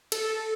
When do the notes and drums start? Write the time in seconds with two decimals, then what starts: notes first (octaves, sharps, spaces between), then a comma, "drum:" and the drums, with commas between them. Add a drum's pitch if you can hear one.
0.12 A4, drum: cymbal